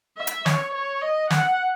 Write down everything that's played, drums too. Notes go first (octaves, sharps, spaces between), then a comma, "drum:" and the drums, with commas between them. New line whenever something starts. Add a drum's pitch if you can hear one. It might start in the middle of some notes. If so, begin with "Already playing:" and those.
E5
drum: hi-hat
C#5, drum: snare
C#5
D#5
F#5, drum: snare